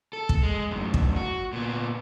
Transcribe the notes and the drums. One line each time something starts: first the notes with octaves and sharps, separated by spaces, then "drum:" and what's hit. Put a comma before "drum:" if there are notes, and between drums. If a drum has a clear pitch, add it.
A4
drum: kick
G#3
F#2 A2
drum: kick
F#4
A#2 B3